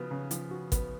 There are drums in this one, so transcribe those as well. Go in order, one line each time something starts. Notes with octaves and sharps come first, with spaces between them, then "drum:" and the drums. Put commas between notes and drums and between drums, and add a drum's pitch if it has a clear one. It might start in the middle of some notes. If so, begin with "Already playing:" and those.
Already playing: C#3 F3 B3 F#4
C#3
F3, drum: hi-hat
F#4
B3, drum: kick, hi-hat